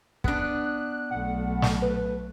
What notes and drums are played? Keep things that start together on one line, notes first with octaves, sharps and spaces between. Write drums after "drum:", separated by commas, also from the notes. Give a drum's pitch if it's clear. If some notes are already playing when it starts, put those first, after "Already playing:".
B3 D4 F#6, drum: kick
B1 A3 F#5
drum: snare
B4